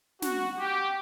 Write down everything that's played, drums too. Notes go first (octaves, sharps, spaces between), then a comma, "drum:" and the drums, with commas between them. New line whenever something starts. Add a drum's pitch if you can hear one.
F#4, drum: snare
G4